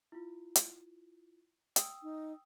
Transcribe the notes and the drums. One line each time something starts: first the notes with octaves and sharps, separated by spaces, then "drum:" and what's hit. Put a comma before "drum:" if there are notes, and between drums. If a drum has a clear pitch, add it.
E4 F4
drum: hi-hat
G5 D#6 E6, drum: hi-hat
D#4